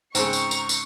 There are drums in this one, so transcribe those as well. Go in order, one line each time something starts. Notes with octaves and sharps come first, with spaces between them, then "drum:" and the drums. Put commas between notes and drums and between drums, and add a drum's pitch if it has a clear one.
G#2 C#3 C4 G#4 A#5 C#6, drum: tambourine
drum: tambourine
drum: tambourine
drum: tambourine